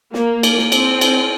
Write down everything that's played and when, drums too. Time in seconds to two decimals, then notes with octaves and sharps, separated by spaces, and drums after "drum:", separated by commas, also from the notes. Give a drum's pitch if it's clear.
0.14 A#3, drum: snare
0.43 drum: cymbal
0.58 drum: snare
0.72 C4, drum: cymbal
1.01 drum: cymbal